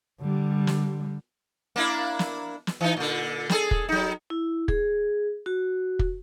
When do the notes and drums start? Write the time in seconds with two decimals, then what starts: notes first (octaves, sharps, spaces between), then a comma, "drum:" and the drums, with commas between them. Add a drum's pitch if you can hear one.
0.21 D3 G3
0.67 drum: snare
1.76 A#3 D4 E4
2.19 drum: snare
2.67 drum: snare
2.81 E3 D#4
2.97 A#2 D3
3.49 G3 G#4 A4, drum: snare
3.71 drum: kick
3.89 F#3 D#4
4.30 E4
4.68 G#4, drum: kick
5.46 F#4
5.99 drum: kick